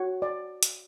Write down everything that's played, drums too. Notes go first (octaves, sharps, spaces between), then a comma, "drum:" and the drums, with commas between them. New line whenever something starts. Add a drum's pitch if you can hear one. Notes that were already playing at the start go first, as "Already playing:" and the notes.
Already playing: F#4 C#5
D5
drum: hi-hat